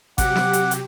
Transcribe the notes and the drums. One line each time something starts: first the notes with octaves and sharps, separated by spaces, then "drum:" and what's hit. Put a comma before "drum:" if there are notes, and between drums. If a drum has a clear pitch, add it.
C3 F#3 G4 F#5 D6, drum: kick, hi-hat
drum: snare
drum: hi-hat
drum: hi-hat